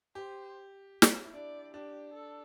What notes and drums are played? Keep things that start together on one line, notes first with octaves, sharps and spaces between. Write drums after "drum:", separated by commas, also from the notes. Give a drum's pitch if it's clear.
G4 C5
drum: snare
E4
D4 D5
D4 G4
A4